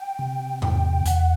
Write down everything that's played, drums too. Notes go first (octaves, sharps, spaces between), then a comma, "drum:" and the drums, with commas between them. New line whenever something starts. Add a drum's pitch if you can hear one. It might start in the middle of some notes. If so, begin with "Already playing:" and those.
Already playing: G5
C3
E2 G5, drum: tom G#2
E2 F#5, drum: hi-hat